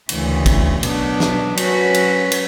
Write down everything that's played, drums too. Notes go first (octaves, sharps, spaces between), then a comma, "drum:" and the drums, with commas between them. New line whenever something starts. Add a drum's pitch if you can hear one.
D2 C#3 E3, drum: cymbal
drum: kick, cymbal
B2 F#3 B3 D4, drum: cymbal
drum: snare
F#3 C#4 F#4 B4, drum: cymbal
drum: cymbal
drum: cymbal